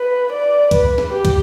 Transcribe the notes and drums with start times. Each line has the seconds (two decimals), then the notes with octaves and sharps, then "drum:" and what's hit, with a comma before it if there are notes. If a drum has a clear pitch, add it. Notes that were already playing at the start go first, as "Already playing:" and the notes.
Already playing: B4
0.32 D5
0.71 B4, drum: kick, hi-hat
0.98 drum: snare
1.12 G4
1.25 drum: kick, hi-hat